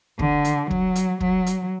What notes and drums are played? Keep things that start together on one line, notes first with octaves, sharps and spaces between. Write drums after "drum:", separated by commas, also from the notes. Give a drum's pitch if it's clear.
D3, drum: kick
drum: hi-hat
F#3, drum: kick
drum: hi-hat
F#3, drum: kick
drum: hi-hat